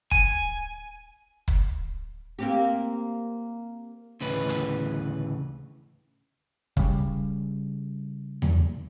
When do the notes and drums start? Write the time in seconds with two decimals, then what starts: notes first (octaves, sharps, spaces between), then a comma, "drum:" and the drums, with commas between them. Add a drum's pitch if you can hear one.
0.11 G#5, drum: kick
1.48 drum: kick
2.39 A#3 C4 G4
4.21 D2 A2 C#3 E3 B4
4.49 drum: hi-hat
6.77 C#3 G3, drum: kick
8.42 drum: tom E2